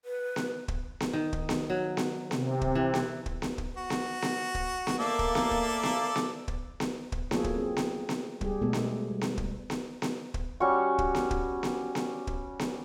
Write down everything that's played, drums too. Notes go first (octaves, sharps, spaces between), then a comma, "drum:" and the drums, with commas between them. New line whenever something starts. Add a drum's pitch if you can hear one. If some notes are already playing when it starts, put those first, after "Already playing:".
B4
drum: snare B3
drum: kick
drum: snare B3
D#3
drum: kick
drum: snare B3
F#3
drum: snare B3
C3, drum: snare B3
drum: kick
E3
drum: snare B3
drum: kick
drum: snare B3
drum: kick
F#4
drum: snare B3
drum: snare B3
drum: kick
drum: snare B3
A#3 A4 D5 E5
drum: kick
drum: snare B3
drum: kick
drum: snare B3
drum: snare B3
drum: kick
drum: snare B3
drum: kick
F#3 A#3 F4 G#4 A4 C#5, drum: snare B3
drum: kick
C4 G#4
drum: snare B3
drum: snare B3
G3 G4 G#4, drum: kick
B2 G#3 A3 B3 A4
drum: snare B3
G3
drum: snare B3
drum: kick
drum: snare B3
drum: snare B3
drum: kick
G3 C#4 F#4 C#6
drum: kick
drum: snare B3
drum: kick
drum: snare B3
drum: snare B3
drum: kick
drum: snare B3